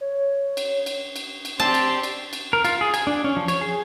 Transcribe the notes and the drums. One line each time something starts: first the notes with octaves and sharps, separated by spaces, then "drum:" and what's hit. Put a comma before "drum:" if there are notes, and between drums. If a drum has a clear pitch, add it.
C#5
drum: cymbal
drum: cymbal
drum: cymbal
drum: cymbal
C4 G4 D5 A5 C6
drum: cymbal
drum: cymbal
drum: cymbal
A#4
F4, drum: cymbal
G#4
G#5, drum: cymbal
D4
C#4
F3
C#5, drum: cymbal
G#4